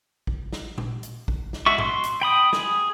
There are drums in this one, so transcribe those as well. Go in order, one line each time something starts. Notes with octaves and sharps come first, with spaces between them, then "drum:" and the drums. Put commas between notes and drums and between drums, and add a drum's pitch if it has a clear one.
drum: kick A1
drum: snare
drum: tom A#2
drum: hi-hat
drum: kick A1
drum: snare
G#3 F#4 E5 C#6
C6, drum: tom G#2
drum: hi-hat
G5 B5 D#6
G#4, drum: snare